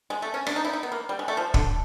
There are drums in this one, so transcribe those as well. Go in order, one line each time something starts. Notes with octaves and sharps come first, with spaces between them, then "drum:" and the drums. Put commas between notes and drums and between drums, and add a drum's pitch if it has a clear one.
G#3
A3
C#4
D4, drum: rim click
D#4
E4
D#4
B3
A#3
G3
G#3
A3
F3
D3, drum: kick